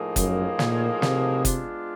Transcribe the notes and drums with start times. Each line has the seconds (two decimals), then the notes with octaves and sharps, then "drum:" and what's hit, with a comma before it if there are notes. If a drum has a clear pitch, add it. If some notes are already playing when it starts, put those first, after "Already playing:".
Already playing: A2 F3 A#3 D#4 G#4
0.16 F#2, drum: kick F#1, hi-hat
0.59 A#2, drum: snare
1.02 C3, drum: snare
1.45 G#3 B3 D4 F4, drum: kick F#1, hi-hat